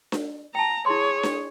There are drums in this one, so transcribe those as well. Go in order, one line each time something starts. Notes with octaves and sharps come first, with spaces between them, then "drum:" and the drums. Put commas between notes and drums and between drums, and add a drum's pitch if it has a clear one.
drum: snare D4
G5 A5 A#5
E4 G#4 C#5 C6
drum: snare D4